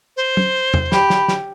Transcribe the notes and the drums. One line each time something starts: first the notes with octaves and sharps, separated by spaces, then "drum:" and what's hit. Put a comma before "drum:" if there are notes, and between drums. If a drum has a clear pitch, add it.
C5
drum: tom
drum: tom E2
G4 B5, drum: snare
drum: snare
drum: snare